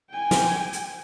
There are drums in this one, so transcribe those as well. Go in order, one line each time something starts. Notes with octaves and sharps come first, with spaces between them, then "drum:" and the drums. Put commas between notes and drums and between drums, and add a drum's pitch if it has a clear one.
G5 G#5
drum: snare
drum: hi-hat